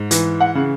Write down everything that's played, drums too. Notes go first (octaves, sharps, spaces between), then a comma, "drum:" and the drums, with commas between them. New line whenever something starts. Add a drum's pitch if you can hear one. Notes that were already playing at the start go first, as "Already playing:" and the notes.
Already playing: G#2
E3, drum: hi-hat
F#5
C#3